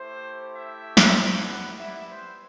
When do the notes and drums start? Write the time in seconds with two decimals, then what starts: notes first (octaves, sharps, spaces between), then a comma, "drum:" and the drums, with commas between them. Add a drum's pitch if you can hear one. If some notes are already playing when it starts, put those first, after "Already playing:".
Already playing: A3 E4 G4 C5
0.54 E5
0.97 drum: snare
1.16 G3 B3 E4
1.48 F#5
1.80 E5
2.11 C5